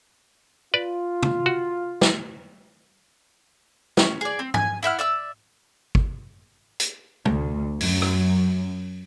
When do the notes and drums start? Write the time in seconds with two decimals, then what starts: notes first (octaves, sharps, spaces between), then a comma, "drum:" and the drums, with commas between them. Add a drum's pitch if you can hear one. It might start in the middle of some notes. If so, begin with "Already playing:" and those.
0.74 F4 B4 D5
1.23 drum: tom
1.46 F#4
2.01 drum: snare
3.97 C#4, drum: snare
4.21 G#4 D5
4.39 C4
4.54 G#5, drum: tom
4.83 E4 E5 F#5 F6
4.99 D5 E5 E6
5.95 drum: kick
6.80 drum: hi-hat
7.25 D2, drum: tom
7.81 F#2, drum: open hi-hat
8.02 drum: rim click